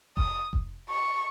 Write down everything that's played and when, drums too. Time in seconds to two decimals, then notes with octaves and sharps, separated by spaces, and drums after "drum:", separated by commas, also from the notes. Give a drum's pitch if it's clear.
0.17 D#6, drum: kick F1
0.53 drum: kick F1
0.89 C#6